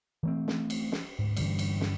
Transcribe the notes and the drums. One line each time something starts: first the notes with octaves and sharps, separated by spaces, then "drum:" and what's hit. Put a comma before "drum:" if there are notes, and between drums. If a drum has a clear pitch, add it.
E3 A3 C4
drum: snare
drum: cymbal
drum: snare
D2 G#2
G2 D3 E3 G3, drum: cymbal
drum: cymbal
drum: snare